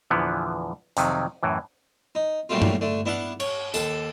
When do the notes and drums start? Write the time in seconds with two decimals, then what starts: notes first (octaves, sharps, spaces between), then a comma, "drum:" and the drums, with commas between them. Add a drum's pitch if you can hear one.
0.10 E2 A#2 D3 E3 F3 B3
0.97 F2 C3 D#3 F#3, drum: hi-hat
1.43 F#2 A2 E3
2.15 D#4
2.49 A#2 D#3 F#3 G3 A3 F4
2.62 drum: tom G2
2.81 D3 A3
3.06 B3 D4 E4 F5 F#5
3.40 C#5, drum: cymbal
3.74 D#2 A4 A5, drum: tambourine